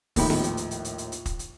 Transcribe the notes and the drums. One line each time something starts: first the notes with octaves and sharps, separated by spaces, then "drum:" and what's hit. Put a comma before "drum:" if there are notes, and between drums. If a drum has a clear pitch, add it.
A#1 D#2 A2 D#4 G5 B5, drum: kick, open hi-hat
drum: snare B3
drum: hi-hat
drum: hi-hat
drum: hi-hat
drum: hi-hat
drum: hi-hat
drum: hi-hat
drum: kick, hi-hat
drum: hi-hat